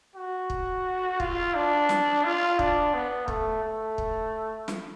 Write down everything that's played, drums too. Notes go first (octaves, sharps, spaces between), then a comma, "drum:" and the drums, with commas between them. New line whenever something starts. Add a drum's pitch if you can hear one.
F#4
drum: kick
F4, drum: kick
D4
drum: snare
F4
D4, drum: kick
B3
A3, drum: kick
A3
drum: kick
drum: snare